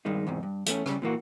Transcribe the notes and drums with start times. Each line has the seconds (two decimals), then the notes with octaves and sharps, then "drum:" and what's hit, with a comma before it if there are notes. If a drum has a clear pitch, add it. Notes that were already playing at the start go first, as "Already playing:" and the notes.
0.05 G2 D#3 G#3 D#4
0.27 E2 G#2 C3
0.43 G2
0.66 E2 A3 C#4, drum: hi-hat
0.86 C#3 G3, drum: rim click
1.02 A#2 E3 A#3 F#4